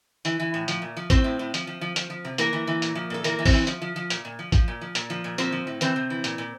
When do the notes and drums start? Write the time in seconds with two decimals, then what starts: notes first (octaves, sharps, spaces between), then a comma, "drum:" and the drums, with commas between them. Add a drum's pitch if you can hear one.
0.25 E3, drum: hi-hat
0.40 E3
0.54 A2
0.68 F3, drum: hi-hat
0.82 A#2
0.97 F3
1.10 A2 C4 C5, drum: kick G#1, hi-hat
1.24 A2
1.39 A2
1.54 F3, drum: hi-hat
1.67 F3
1.81 F3
1.96 F3, drum: hi-hat
2.10 F3
2.25 C3
2.38 E3 A#3 A#4, drum: hi-hat
2.53 E3
2.67 E3
2.82 A#2, drum: hi-hat
2.95 F3
3.10 A#2 A4
3.24 E3 A#3 A#4, drum: hi-hat
3.39 E3
3.46 C4 C5, drum: kick G#1, open hi-hat
3.53 E3
3.67 F3, drum: hi-hat
3.82 F3
3.96 F3
4.10 A#2, drum: hi-hat
4.25 A#2
4.39 F3
4.52 F3, drum: kick G#1, hi-hat
4.68 A#2
4.81 F3
4.95 A#2, drum: hi-hat
5.10 F3
5.24 A#2
5.38 F3 C4 C5, drum: hi-hat
5.52 F3
5.67 A2
5.81 E3 C4 C5, drum: hi-hat
5.96 C3
6.10 E3
6.24 A#2, drum: hi-hat
6.38 A#2